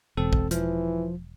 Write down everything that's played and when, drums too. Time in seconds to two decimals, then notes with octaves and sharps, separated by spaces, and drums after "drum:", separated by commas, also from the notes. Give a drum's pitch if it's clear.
0.17 E1 C4 A4
0.33 drum: kick
0.51 E3 F3, drum: hi-hat